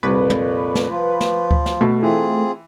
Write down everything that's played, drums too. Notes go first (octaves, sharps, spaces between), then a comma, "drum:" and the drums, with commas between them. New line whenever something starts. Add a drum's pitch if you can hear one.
C2 F2 A#2 B4
drum: tom
drum: snare
F3 F4
drum: snare
drum: kick D2
drum: snare
B2 A3
E3 C4 F4 G#4